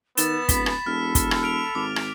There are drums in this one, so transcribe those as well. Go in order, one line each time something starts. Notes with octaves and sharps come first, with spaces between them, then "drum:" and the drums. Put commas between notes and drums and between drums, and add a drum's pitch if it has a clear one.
D#3 B3 E6 A6 E7, drum: hi-hat
D1 B5 B6, drum: kick, hi-hat
drum: rim click
E1 A4 F6
drum: kick, hi-hat
drum: rim click
F6 D7 F7
G#1 D6
drum: rim click